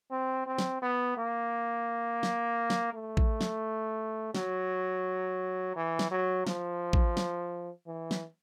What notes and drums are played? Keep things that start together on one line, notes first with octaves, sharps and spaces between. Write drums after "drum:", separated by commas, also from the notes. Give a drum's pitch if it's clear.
C4
C4
drum: snare
B3
A#3
drum: snare
drum: snare
A3
drum: kick
drum: snare
F#3, drum: snare
E3
drum: snare
F#3
F3, drum: snare
drum: kick
drum: snare
E3
drum: snare